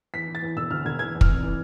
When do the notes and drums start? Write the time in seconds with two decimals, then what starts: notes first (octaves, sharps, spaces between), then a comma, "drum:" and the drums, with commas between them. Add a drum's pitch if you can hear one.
0.14 E2 B6
0.28 E3
0.35 A6
0.43 E2
0.56 E1 E6
0.71 D2 F6
0.85 E1 G#6
0.99 E2 G#6
1.15 E2
1.21 F6, drum: kick
1.29 F1
1.43 E3